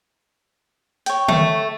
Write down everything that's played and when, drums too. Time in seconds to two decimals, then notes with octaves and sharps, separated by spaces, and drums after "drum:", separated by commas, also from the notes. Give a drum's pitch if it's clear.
1.06 C#5 G5, drum: hi-hat
1.28 A3, drum: tom D3